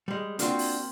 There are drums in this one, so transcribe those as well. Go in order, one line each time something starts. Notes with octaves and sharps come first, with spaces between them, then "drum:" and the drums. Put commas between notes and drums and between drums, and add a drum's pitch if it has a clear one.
G3 G#3
A#3 C4 D4 F4 F#4, drum: hi-hat
drum: open hi-hat